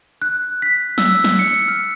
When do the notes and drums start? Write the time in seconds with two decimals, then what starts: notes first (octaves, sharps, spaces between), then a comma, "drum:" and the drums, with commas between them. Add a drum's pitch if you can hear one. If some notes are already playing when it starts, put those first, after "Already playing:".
0.22 F#6
0.62 B6
0.98 E6, drum: snare
1.24 drum: snare
1.39 C#7
1.68 F6